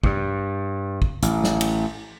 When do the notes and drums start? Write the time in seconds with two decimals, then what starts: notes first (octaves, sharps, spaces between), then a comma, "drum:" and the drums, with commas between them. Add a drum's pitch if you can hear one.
0.04 G2, drum: kick
1.02 drum: kick
1.22 A1, drum: hi-hat
1.44 drum: snare
1.61 drum: cymbal